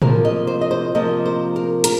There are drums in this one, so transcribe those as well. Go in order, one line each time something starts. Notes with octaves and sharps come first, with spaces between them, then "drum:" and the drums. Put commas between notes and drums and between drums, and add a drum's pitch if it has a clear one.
C3 F3 A#3 A#4, drum: tom A2
D#5
C5
D#5
C5
C3 F3 A#3 D#5
C5
A#4
A#4, drum: hi-hat